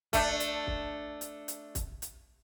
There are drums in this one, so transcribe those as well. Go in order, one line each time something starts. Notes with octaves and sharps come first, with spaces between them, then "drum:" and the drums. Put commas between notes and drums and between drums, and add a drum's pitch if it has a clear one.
A3 D4, drum: kick, hi-hat
drum: hi-hat
drum: kick
drum: hi-hat
drum: hi-hat
drum: kick, hi-hat
drum: hi-hat